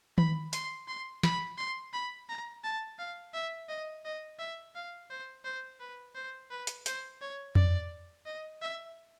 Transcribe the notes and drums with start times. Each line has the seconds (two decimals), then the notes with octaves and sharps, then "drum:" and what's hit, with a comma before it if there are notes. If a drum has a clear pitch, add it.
0.18 B5, drum: tom D#3
0.53 C6, drum: hi-hat
0.88 C6
1.23 B5, drum: snare
1.58 C6
1.93 B5
2.29 A#5
2.64 A5
2.99 F5
3.34 E5
3.69 D#5
4.05 D#5
4.39 E5
4.75 F5
5.10 C5
5.45 C5
5.80 B4
6.15 C5
6.51 B4
6.67 drum: hi-hat
6.86 C5, drum: hi-hat
7.21 C#5
7.55 D5, drum: tom F2
8.26 D#5
8.62 E5